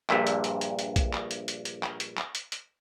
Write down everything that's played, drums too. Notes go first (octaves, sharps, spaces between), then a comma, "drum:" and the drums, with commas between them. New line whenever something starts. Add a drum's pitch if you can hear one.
A#1 G2 A#2 E5, drum: clap
drum: hi-hat
drum: hi-hat
drum: hi-hat
drum: hi-hat
drum: kick, hi-hat
drum: clap
drum: hi-hat
drum: hi-hat
drum: hi-hat
drum: clap
drum: hi-hat
drum: clap
drum: hi-hat
drum: hi-hat